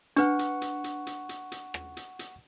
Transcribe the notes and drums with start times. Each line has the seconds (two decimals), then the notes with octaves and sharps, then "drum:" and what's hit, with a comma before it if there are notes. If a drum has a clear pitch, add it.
0.16 D4 B4 F#5 C#6, drum: hi-hat
0.39 drum: hi-hat
0.62 drum: hi-hat
0.84 drum: hi-hat
1.07 drum: hi-hat
1.29 drum: hi-hat
1.52 drum: hi-hat
1.74 drum: rim click
1.97 drum: hi-hat
2.19 drum: hi-hat